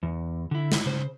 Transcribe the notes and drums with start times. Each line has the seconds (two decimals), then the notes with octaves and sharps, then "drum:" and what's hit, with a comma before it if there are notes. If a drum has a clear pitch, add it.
0.03 E2
0.51 D3 E4
0.72 drum: snare
0.86 C#3 C5